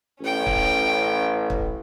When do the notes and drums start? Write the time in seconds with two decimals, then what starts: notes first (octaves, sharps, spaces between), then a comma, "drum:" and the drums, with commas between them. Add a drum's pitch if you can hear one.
0.21 A1 C#4 G5
0.46 drum: kick
1.50 drum: kick